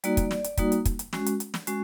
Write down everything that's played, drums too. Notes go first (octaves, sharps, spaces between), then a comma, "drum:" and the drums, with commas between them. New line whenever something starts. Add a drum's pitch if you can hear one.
G3 A#3 D#4 F#4 D5, drum: hi-hat
drum: kick, hi-hat
drum: snare
drum: hi-hat
G3 A#3 D#4 F#4, drum: kick, hi-hat
drum: hi-hat
drum: kick, hi-hat
drum: hi-hat
G#3 C#4 F#4, drum: snare
drum: hi-hat
drum: hi-hat
drum: snare
G#3 C#4 F#4, drum: hi-hat